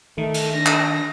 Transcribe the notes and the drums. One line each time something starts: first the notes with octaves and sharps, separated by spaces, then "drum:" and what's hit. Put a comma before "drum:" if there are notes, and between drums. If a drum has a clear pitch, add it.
D#3 A3
drum: cymbal
D4 A#6
drum: clap